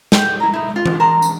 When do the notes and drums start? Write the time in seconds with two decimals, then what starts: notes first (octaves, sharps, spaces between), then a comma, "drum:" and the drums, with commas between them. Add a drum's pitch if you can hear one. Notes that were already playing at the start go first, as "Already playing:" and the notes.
0.12 G4 C#5 F#5 G5, drum: snare
0.40 E4 A#5
0.53 D#4 E4
0.76 F4
0.86 drum: tom E3
1.00 A#4 A5 A#5 C6
1.22 drum: tambourine